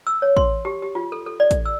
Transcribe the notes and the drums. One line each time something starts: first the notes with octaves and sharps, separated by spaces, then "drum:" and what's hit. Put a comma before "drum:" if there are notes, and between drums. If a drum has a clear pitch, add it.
E6
C#5
C6, drum: kick
G4
G4
F4
A4
A4
D5
drum: kick, hi-hat
E6